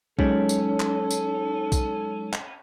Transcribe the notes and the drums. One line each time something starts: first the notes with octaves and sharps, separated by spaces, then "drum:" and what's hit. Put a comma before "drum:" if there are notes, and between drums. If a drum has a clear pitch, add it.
F#3 G#3 C#4 D#4 A4, drum: kick B1
drum: tambourine
drum: clap
drum: tambourine
drum: kick B1, tambourine
drum: clap